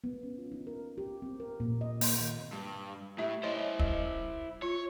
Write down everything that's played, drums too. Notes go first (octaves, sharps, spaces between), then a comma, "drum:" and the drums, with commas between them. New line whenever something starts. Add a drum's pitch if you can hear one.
B3
C#4
F4
D#4
A#4
G4
C4
A#4
A#2
D#5
A#3, drum: open hi-hat
D#3
G2
A2 D#4 G4 E5
E4 C5 C#5 D#5
G3, drum: kick
F4 C#5